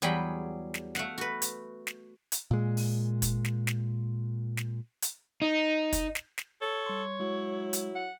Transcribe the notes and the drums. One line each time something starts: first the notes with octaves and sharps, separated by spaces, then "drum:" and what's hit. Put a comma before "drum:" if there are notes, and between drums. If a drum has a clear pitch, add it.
E2 F#3 G3 G#4 G5 B5
drum: snare
A3 F5 F#5, drum: snare
F#4 B4
drum: hi-hat
drum: snare
drum: hi-hat
A#2 G#3
drum: open hi-hat
drum: kick, hi-hat
drum: snare
drum: snare
drum: snare
drum: hi-hat
D#4
drum: kick, hi-hat
drum: snare
drum: snare
A4 C#5
G3 C6
F#3 G#3 E4
drum: hi-hat
F#5